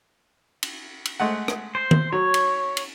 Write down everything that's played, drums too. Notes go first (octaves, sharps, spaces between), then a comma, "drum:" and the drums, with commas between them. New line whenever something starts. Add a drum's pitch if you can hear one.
drum: cymbal
drum: cymbal
G#3 A3 F#5
drum: rim click
C5
drum: tom
F#3 C#5
drum: cymbal
drum: cymbal